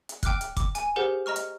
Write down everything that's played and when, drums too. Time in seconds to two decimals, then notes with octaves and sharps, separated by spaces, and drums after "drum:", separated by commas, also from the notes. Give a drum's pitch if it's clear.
0.09 drum: hi-hat
0.23 G5 D6 F6 F#6, drum: kick, hi-hat
0.41 drum: hi-hat
0.57 D6, drum: kick, hi-hat
0.75 G#5 D#7, drum: hi-hat
0.96 G4 G#4 A#4 C5 F#5
1.26 D#5 A#5 C#6 F6
1.36 drum: hi-hat